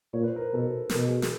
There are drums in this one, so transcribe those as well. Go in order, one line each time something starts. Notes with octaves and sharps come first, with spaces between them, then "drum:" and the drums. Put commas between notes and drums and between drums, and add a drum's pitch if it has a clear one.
A#2 C#5
B4
C5
A#4
B4
B2 A4
A#4, drum: snare
B2 A4
G#4
A4, drum: snare